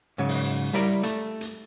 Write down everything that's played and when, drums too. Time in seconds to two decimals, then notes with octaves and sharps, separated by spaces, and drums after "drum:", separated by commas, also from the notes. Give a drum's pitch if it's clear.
0.18 G#2 C#3 F#3
0.29 drum: open hi-hat
0.73 G3 E4 A#4 D5
1.03 A3, drum: hi-hat
1.41 drum: hi-hat